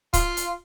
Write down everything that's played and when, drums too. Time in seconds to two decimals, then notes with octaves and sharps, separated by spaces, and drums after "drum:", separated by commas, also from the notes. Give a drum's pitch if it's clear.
0.14 F4, drum: kick C#1, hi-hat
0.37 drum: hi-hat